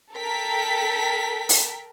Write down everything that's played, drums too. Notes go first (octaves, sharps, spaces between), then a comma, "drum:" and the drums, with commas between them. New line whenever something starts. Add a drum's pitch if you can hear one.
A4 A#4 G5 B6
drum: open hi-hat